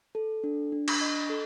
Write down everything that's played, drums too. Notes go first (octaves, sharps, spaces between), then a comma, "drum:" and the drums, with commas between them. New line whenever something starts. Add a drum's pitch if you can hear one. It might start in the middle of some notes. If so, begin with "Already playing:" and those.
A4
D4
D4
drum: cymbal
D#5
A4